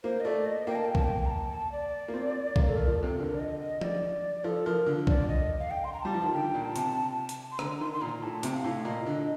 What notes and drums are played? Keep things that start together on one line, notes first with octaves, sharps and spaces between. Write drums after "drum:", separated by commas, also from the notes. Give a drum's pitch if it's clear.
A#3 C5
D#5
A3 D5
D#5
A#3 G5
A5
G5
A5, drum: kick B1
G5
A#5
A5
A5
D5
A#3
C4
A#3, drum: kick B1
A3 A4
A#4
F3
C3 A4
D3 A#4
D5
D#5
D#5
D5, drum: tom F3
F3 A4
F3 A#4
D3
D5, drum: kick B1
D#5
F5
G5
C6
A#5
G3 A5
F3
D#3
D3 G5
A#2
A5
C3, drum: hi-hat
drum: hi-hat
C6
D3 A#5, drum: rim click
D#3 C6
C6
A#2 A#5
A2 A5
C3, drum: hi-hat
F5
A2
A#2 D#5
D3